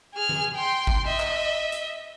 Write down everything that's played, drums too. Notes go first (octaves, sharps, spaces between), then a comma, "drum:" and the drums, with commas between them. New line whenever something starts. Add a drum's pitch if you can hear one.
G#4 F6
drum: tom D#3
G5 C6
drum: kick
D#5 E5
drum: clap
drum: hi-hat